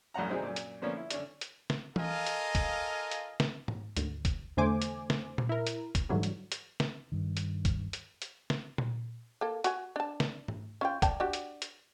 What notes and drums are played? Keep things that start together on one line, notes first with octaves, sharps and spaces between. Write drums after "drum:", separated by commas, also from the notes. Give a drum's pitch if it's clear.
A#1 F#2 A2 F#5 A#5
D3 E3 F#3 G#3 C4 D#4
F#2 A#2
drum: hi-hat
D3 F3 A#3 B3 C#4 D4
E4
D3 C#4 D4, drum: hi-hat
drum: hi-hat
drum: snare
F4 A4 A#4 D#5 F5 G#5, drum: tom E3
drum: hi-hat
drum: kick F1, hi-hat
drum: hi-hat
drum: snare
drum: tom G#2
G#1 D2, drum: hi-hat
drum: kick F1, hi-hat
E2 D3 A3 C5 G#5 D6
drum: hi-hat
drum: snare
drum: tom A#2
E4 A#4
drum: hi-hat
drum: kick F1, hi-hat
G#2 D3 E3 F#3 G3
drum: hi-hat
drum: hi-hat
drum: snare
G2 D#3
drum: hi-hat
drum: kick F1, hi-hat
drum: hi-hat
drum: hi-hat
drum: snare
drum: tom A#2
A#3 A4
F#4 G#5, drum: hi-hat
D4 A5
drum: snare
drum: tom G#2
C#4 F4 G5
D5 G5 A5, drum: kick F1, hi-hat
D4 F#4 G4
drum: hi-hat
drum: hi-hat